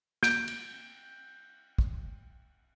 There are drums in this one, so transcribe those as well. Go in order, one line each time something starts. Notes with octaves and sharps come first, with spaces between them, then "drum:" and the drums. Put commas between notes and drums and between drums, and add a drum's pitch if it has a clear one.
G6 D7, drum: snare
drum: cymbal
drum: kick